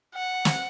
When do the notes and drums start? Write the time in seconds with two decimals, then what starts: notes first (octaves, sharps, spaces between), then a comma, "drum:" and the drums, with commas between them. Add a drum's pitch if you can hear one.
0.15 F#5
0.45 drum: snare